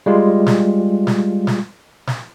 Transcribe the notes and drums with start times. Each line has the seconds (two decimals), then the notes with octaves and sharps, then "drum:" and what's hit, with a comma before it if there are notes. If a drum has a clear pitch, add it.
0.06 G3 G#3 F4
0.46 drum: snare
1.07 drum: snare
1.47 drum: snare
2.07 drum: snare